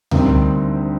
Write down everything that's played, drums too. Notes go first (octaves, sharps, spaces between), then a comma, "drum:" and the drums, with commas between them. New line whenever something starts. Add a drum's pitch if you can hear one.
D2 C3 D#3 G3 C4, drum: tom C#2